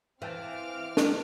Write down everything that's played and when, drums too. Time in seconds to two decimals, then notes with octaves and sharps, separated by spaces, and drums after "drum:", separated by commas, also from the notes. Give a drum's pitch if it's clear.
0.22 E3 C4 E5 F5 G5 A5 D6 F6
0.97 drum: snare